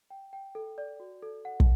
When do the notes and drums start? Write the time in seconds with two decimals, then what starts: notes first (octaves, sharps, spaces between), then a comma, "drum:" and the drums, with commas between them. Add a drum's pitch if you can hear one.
0.10 G5
0.33 G5
0.55 A4
0.78 D5
1.00 F#4
1.23 A4
1.45 F#5
1.60 drum: kick